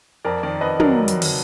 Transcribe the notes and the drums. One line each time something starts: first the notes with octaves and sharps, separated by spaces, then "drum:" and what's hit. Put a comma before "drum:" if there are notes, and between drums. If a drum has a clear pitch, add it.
F2 A#4 D5
D#3 A#4 D5
F2 B4 D#5
F#3 A#4 D5, drum: tom
drum: hi-hat
drum: open hi-hat